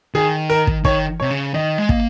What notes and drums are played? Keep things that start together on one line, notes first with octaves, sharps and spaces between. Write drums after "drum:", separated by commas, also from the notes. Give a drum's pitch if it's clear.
D#3 G#4
A#4
drum: kick
D#3 C#5, drum: kick
C3 C#5
C#3
D#3 D#5
G#3
A#3, drum: kick